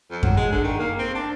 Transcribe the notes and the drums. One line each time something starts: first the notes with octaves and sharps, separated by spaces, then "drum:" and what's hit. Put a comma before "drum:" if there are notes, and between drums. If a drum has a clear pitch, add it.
F2
F#3, drum: kick F#2
G#3
D3
D#3
A#3
C4
D4